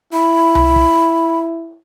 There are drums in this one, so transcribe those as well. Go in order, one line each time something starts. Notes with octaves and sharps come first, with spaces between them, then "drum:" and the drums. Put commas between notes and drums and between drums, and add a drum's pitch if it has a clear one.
E4 B5
drum: tom C2
drum: kick